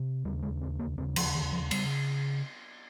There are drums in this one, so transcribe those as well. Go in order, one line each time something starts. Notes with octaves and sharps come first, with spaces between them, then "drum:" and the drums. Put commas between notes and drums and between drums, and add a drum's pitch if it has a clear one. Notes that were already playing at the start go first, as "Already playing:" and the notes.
Already playing: C3
D#2 C#3 G3
G#3
C4
A#3
D#2 C#3 C4
F3, drum: cymbal
D#3
F3
C#3 G3, drum: cymbal